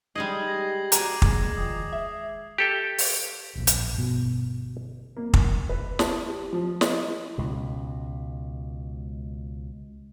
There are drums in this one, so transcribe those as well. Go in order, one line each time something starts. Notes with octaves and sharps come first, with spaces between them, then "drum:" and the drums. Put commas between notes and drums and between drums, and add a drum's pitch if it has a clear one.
G3 G#3 D#4 D#5 G#6 C7 F#7
G4 G#6 A#6
F#4 D5 G#5 A#5 D6, drum: hi-hat
G#3 A#3, drum: kick
D#3 F3 D#6
E5
G4 A4 G5
drum: open hi-hat
D1 A#1
drum: hi-hat
G1 B2
A#3
drum: kick
B4
A5, drum: snare
G4
F3
D#5, drum: snare
C#2 B2